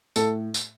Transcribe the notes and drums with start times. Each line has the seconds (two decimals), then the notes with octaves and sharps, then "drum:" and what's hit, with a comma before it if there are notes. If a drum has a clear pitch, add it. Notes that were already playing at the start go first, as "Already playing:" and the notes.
0.16 A2 A4, drum: tambourine
0.54 drum: tambourine